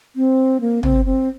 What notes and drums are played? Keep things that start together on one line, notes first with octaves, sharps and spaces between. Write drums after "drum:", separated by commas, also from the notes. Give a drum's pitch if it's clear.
C4
A#3
C4, drum: tom
C4